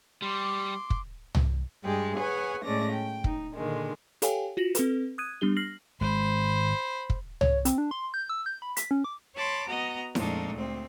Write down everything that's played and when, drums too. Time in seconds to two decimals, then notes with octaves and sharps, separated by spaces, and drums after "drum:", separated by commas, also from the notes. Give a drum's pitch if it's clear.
0.22 G3 C6 D6
0.90 drum: kick
1.35 drum: tom
1.83 G2 G3 G#3 G5
2.16 G#4 B4 C#5 F#5 G#5
2.64 A2 G#3 A3 C#4 D5 A#6
2.92 G5
3.24 D#4, drum: kick
3.54 A#2 D3 D#3 G#3
4.22 G4 A4 C#5 F5 G5 G#5, drum: hi-hat
4.57 F4 F#4 A#6 F#7
4.75 C4 A4 B4, drum: hi-hat
5.18 D#6 F#6 G#6 D#7
5.41 G3 B3 D4 G4 G7
5.57 F6 A#6 C7 F#7
6.01 G#1 G#3 C5 B5
7.10 drum: kick
7.41 C#5, drum: tom
7.65 C4, drum: hi-hat
7.78 D4
7.91 C6
8.14 G6
8.29 E6
8.46 G6
8.62 B5
8.77 B6, drum: hi-hat
8.91 C#4
9.04 D6
9.35 C#5 A5 B5 C6 D6
9.67 B3 F#4 D#5 A#5
10.15 F2 A#2 G#3 A3 D4 D#4, drum: snare E4
10.54 D2 C4